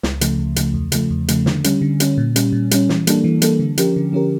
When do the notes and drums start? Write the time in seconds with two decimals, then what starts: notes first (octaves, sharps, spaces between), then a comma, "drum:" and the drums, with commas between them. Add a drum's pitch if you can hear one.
0.03 C#2, drum: snare
0.21 C#3 F3 A3, drum: hi-hat
0.39 C#2
0.56 C#3 F3 A3, drum: hi-hat
0.74 E2
0.92 C#3 F3 A3, drum: hi-hat
1.10 E2
1.28 C#3 F3 A3, drum: hi-hat
1.46 D3, drum: snare
1.64 G3 C#4, drum: hi-hat
1.82 D3
2.00 G3 C#4, drum: hi-hat
2.18 A#2
2.36 G3 C#4, drum: hi-hat
2.53 A#2
2.71 G3 C#4, drum: hi-hat
2.89 E3, drum: snare
3.07 G3 A#3 D4 A4, drum: hi-hat
3.24 E3
3.42 G3 A#3 D4 A4, drum: hi-hat
3.59 D3
3.78 F3 C#4 G4 A#4, drum: hi-hat
3.96 D3
4.13 F3 C#4 G4 A#4